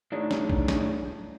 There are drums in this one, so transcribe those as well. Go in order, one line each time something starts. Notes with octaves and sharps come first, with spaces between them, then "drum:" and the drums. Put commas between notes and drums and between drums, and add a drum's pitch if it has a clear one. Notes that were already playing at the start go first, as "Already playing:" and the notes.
A2 D4 D#4 G#4 C#5
drum: snare
drum: kick A#1
drum: snare